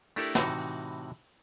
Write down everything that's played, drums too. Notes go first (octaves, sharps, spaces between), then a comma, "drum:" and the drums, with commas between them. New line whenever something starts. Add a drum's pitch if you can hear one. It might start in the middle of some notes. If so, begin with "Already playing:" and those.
A3 D4 E4 G4 A4 A#4, drum: open hi-hat
A2 C3 E3 D#4 F#4, drum: snare